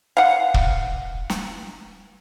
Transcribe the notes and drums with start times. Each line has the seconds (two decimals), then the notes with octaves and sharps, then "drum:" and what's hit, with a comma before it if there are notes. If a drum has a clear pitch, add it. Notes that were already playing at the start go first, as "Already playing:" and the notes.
0.17 F5 F#5
0.54 drum: kick
1.30 drum: snare